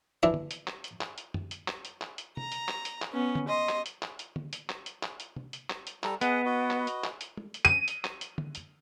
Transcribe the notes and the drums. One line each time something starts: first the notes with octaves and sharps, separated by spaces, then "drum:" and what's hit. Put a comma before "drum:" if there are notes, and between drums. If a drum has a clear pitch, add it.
E3 D4 E4 B5
drum: tom
drum: hi-hat
drum: clap
drum: hi-hat
drum: clap
drum: hi-hat
drum: tom F#2
drum: hi-hat
drum: clap
drum: hi-hat
drum: clap
drum: hi-hat
A#5, drum: tom
drum: hi-hat
drum: clap
drum: hi-hat
drum: clap
B3 C#4
drum: tom
D#5 C6
drum: clap
drum: hi-hat
drum: clap
drum: hi-hat
drum: tom
drum: hi-hat
drum: clap
drum: hi-hat
drum: clap
drum: hi-hat
drum: tom
drum: hi-hat
drum: clap
drum: hi-hat
G3 A4 A#5, drum: clap
B3 G#4 D#5 F#5, drum: hi-hat
F#4 B4 D#5
drum: clap
drum: hi-hat
drum: clap
drum: hi-hat
drum: tom
drum: hi-hat
D#7
drum: hi-hat
drum: clap
drum: hi-hat
drum: tom
drum: hi-hat